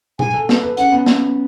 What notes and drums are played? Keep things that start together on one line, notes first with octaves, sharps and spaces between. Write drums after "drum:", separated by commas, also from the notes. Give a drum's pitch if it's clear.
G#4 G#5, drum: tom A#2
A4
B4, drum: snare
B4
C#4 F#5, drum: hi-hat
B3
drum: snare